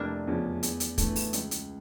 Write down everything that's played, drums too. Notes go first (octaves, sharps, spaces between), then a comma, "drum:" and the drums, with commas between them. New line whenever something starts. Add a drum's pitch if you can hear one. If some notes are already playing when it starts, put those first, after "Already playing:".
Already playing: F1 A#3 D4 E4
E2 C#3 F3 C#4
E2, drum: hi-hat
drum: hi-hat
E3 A3, drum: kick, hi-hat
drum: open hi-hat
C#2, drum: hi-hat
drum: hi-hat